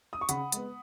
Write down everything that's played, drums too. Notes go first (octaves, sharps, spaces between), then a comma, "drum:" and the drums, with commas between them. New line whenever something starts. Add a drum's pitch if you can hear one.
D#6
C#6
C#3 F#5 B5, drum: hi-hat
G#3 B3, drum: hi-hat